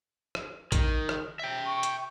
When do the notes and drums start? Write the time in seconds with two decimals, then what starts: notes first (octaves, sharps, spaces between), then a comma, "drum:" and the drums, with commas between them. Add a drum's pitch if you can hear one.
0.35 drum: rim click
0.72 D#3, drum: kick A1, hi-hat
1.09 drum: rim click
1.39 E5 G5
1.67 C#6
1.83 drum: hi-hat